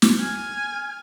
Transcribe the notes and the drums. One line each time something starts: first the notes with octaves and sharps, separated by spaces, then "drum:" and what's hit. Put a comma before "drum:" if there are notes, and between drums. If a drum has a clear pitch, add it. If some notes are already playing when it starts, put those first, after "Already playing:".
drum: snare
G#5 F6